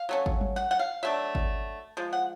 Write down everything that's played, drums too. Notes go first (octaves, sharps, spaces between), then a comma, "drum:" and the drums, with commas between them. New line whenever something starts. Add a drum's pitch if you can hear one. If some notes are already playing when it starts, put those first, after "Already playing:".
Already playing: F5
F#3 A3 C#4
drum: kick G#1
drum: tom F#3
F#5
F#5
F5
F#3 A3 D4 E5
drum: kick G#1
F3 G#3
F#5